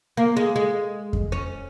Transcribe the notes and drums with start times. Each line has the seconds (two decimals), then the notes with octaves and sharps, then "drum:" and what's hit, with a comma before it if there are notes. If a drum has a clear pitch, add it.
0.17 A#3
0.37 G#3
0.56 G#3
1.13 drum: kick F2
1.32 C#4